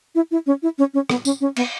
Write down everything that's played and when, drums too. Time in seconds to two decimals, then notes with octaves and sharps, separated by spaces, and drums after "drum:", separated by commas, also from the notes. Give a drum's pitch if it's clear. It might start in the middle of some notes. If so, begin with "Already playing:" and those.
0.15 E4
0.31 E4
0.46 C#4
0.63 E4
0.78 C#4
0.94 C#4
1.10 B3, drum: rim click
1.25 C#4, drum: tambourine
1.41 C#4
1.56 B3, drum: cymbal